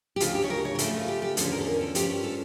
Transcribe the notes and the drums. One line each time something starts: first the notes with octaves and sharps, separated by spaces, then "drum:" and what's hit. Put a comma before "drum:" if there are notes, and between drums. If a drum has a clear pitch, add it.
G4
D2 C#3 F3 F4, drum: hi-hat
G4
C#5
A#4
C#5
A#4
C#3 F3 A3 A4, drum: hi-hat
F4
G4
G4
E2 D3 F3 C#4 A4, drum: hi-hat
A#4
A4
A#4
A4
G2 F3 C#4 G4, drum: hi-hat
G4
A4